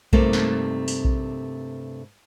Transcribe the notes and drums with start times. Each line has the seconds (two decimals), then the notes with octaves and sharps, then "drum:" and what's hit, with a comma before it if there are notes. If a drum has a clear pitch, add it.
0.13 G2 C3 A3 A#3 C4 D#4, drum: kick A#1
0.33 drum: snare
0.88 drum: open hi-hat
1.05 drum: kick A#1